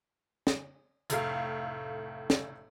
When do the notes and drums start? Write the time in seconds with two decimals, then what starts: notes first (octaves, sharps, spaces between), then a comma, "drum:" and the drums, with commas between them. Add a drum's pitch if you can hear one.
0.47 drum: snare
1.10 F1 A2 A3 F5, drum: hi-hat
2.30 drum: snare